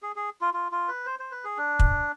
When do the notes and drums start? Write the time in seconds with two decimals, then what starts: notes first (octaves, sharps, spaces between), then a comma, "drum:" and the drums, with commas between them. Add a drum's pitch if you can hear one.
0.03 G#4
0.16 G#4
0.41 F4
0.54 F4
0.72 F4
0.88 B4
1.06 C5
1.19 C5
1.31 B4
1.44 G#4
1.58 D4
1.80 drum: kick